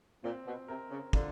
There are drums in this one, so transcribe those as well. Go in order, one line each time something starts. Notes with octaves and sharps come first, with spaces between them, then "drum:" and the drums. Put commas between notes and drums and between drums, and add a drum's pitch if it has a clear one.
A#2 C4
B2
C3 A#4
C#3
D3 F4, drum: kick